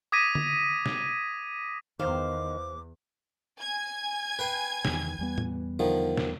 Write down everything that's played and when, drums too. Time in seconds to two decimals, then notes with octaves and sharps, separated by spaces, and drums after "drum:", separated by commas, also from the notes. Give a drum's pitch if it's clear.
0.12 D6 D#6 G#6 A#6 B6 D#7
0.35 drum: tom D3
0.86 drum: snare
1.99 E2 D#3 C5 F5 D6
3.61 G#5 G#6
4.39 B4 G5 C6
4.85 E2 D#3, drum: snare
5.19 E2 G3 B3
5.38 drum: tom A2
5.79 D3 D#3 F3
6.17 drum: snare